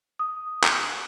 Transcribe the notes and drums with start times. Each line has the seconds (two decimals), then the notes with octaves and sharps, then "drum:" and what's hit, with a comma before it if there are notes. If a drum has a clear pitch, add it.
0.19 D#6
0.63 drum: clap